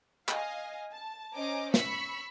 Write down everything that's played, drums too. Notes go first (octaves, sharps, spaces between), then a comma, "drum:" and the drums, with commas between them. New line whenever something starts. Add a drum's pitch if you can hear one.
D#5 F5 G#5, drum: clap
A5
C#4 C5 D#5 G#5 A#5 D6
B5 C#6 E6 B6, drum: snare